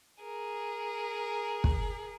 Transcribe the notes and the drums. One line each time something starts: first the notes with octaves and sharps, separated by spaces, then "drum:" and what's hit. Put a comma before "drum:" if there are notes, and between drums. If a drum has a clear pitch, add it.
G#4 A#4
drum: kick